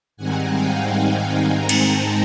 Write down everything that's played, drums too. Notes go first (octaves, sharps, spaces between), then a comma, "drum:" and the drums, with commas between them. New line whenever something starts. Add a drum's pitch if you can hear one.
G#2 D#3 G3 C4 D#4 F#5 G#5
F5 G5
G#2 D#3 G#3 C4 D#4 G#5 A#5
drum: cymbal
G5 A5